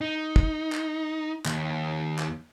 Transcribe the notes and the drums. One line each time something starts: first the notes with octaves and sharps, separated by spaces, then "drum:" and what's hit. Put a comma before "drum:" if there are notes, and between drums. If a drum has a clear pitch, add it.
D#4
drum: kick
drum: clap
D#2, drum: clap
drum: clap